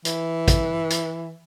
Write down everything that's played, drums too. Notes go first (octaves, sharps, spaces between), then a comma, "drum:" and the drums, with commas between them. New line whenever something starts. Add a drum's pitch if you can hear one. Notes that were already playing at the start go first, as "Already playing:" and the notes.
E3, drum: hi-hat
drum: kick, hi-hat
drum: hi-hat